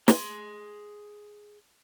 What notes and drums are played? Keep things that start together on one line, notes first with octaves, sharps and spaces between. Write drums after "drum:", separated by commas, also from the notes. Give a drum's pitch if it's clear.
G#4 C6, drum: snare